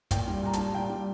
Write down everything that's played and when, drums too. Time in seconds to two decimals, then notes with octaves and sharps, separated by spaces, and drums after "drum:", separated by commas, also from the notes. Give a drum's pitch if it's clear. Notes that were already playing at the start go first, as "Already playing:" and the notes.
0.11 A#2 G5, drum: kick, hi-hat
0.28 G3
0.43 A#2 A#5
0.53 G3 A5, drum: hi-hat
0.74 A#2 G5
0.90 G3